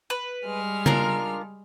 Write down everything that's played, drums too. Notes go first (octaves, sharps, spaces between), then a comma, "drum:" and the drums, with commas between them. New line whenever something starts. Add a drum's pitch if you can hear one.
B4
G3 G#3 F6
D4 F4 A#4, drum: tom C#3